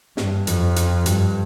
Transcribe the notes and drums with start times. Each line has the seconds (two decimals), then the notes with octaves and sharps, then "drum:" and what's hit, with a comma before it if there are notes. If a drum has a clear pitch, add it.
0.17 G2, drum: snare
0.47 F2, drum: hi-hat
0.76 drum: hi-hat
1.06 G2, drum: hi-hat